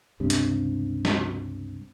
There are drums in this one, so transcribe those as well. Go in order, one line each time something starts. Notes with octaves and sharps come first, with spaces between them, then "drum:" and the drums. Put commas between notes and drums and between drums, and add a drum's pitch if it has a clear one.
C#2 G2 C3
drum: hi-hat
drum: snare